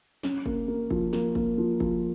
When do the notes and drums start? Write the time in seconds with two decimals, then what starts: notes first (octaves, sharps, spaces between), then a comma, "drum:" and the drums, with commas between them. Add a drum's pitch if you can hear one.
0.23 C#4, drum: snare
0.46 A#3, drum: kick G1
0.68 A#3
0.90 F3, drum: kick G1
1.13 A#3, drum: snare
1.35 A#3, drum: kick G1
1.58 F3
1.80 F3, drum: kick G1